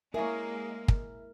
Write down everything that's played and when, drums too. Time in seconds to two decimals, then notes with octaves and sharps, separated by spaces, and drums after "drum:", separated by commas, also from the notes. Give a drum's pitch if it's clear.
0.14 G#3 A#3 C#4 E4 G#4 A#4 E5
0.88 drum: kick